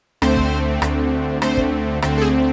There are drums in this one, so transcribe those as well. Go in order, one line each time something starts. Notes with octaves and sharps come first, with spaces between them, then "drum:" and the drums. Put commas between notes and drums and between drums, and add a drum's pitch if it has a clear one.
D2 D3 A3 C4 C5, drum: rim click
drum: kick
D2 D3 A3 C4, drum: rim click
D2 D3 A3 C4 C5, drum: rim click
drum: kick
D2 D3 A3 C4, drum: rim click
A4
G#4